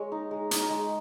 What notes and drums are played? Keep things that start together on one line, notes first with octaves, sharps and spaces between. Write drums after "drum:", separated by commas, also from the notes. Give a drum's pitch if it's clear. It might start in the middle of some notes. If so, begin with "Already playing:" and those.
Already playing: G#3 C#5
D#4
G#3
D#4, drum: hi-hat
G#3